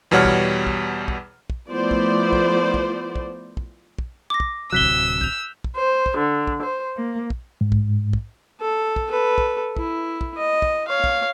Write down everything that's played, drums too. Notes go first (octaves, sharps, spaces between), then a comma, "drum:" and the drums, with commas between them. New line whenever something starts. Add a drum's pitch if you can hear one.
E2 B2 G3 C#5 F#5 F6
drum: kick
drum: kick
drum: kick
drum: kick
F3 A3 B3 E4 C5 D5
drum: kick
drum: kick
drum: kick
drum: kick
drum: kick
drum: kick
D6 A#6
drum: kick
D1 C3 F#3 E6 F#6 B6 G7
drum: kick
G6 F7, drum: kick
drum: kick
C5
drum: kick
D3
drum: kick
C5
A#3
drum: kick
G#2
drum: kick
drum: kick
A4
drum: kick
A4 B4
drum: kick
E4, drum: kick
drum: kick
D#5
drum: kick
C#5 F5
drum: kick